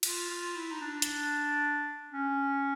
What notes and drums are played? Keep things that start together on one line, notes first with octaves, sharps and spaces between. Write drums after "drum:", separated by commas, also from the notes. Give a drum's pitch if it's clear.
F4, drum: cymbal
F4
E4
D#4
D4
drum: hi-hat
C#4